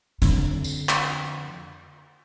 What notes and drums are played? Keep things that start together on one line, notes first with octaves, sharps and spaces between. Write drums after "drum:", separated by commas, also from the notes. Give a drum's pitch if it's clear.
F2 D3, drum: hi-hat
drum: tambourine
drum: clap